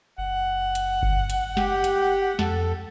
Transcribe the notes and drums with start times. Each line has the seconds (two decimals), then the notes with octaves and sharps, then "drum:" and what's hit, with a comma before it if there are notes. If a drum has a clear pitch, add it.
0.18 F#1 F#5
0.75 drum: hi-hat
1.02 drum: kick G1
1.30 drum: hi-hat
1.57 G4, drum: snare
1.84 drum: hi-hat
2.39 F2 A4, drum: snare